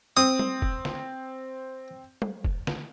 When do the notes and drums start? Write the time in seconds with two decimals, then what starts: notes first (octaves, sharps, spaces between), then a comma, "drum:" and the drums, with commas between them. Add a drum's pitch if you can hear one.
0.17 C4 D#6
0.39 drum: tom
0.62 drum: kick
0.85 drum: snare
2.22 drum: tom
2.45 drum: kick
2.67 drum: snare